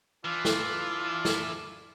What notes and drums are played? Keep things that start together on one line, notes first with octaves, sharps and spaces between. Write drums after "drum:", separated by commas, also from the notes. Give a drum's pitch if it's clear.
E3 D4 F4
drum: snare
drum: snare